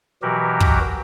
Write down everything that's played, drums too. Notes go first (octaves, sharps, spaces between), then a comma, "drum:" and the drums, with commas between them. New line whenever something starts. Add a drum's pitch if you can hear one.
B2 E3 F#3 F#4 G4 A#4
drum: kick